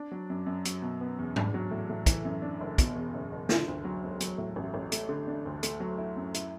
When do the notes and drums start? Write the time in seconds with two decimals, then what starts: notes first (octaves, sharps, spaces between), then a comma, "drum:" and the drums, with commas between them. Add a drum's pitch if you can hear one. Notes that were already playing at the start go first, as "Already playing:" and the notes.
Already playing: D4
0.12 F#3
0.30 F#2
0.46 F#2
0.65 F#3, drum: hi-hat
0.82 B2
1.01 B3
1.19 E2
1.36 D4, drum: tom
1.54 F#3
1.71 A2
1.90 A2
2.06 E3, drum: kick, hi-hat
2.25 F#2
2.42 D4
2.61 F#1
2.78 B2, drum: kick, hi-hat
2.95 E2
3.14 F#1
3.32 F#1
3.49 D3, drum: snare
3.68 D2
3.85 F#3
4.03 E1
4.20 F#3, drum: hi-hat
4.38 A2
4.56 A1
4.74 A1
4.92 A3, drum: hi-hat
5.09 D3
5.27 D4
5.45 D2
5.63 A3, drum: hi-hat
5.80 F#3
5.98 E4
6.17 F#2
6.34 E4, drum: hi-hat